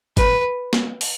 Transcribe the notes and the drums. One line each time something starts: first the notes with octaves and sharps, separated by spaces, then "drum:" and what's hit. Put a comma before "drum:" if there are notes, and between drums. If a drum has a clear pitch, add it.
B4, drum: kick G1, hi-hat
drum: snare
drum: open hi-hat